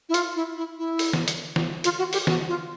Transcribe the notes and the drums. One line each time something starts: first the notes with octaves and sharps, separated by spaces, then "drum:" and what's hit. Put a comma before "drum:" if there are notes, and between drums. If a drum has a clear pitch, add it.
E4
F4, drum: hi-hat
E4
E4
E4
drum: open hi-hat
drum: snare
drum: hi-hat
drum: snare
F4, drum: hi-hat
F#4
G4, drum: open hi-hat
F#4, drum: snare
F4